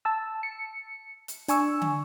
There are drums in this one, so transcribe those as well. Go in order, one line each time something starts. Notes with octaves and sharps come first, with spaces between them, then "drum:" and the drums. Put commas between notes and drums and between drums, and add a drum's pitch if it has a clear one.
A5 E6
C#7
drum: hi-hat
D4 G#5 C#6 E6, drum: hi-hat
drum: tom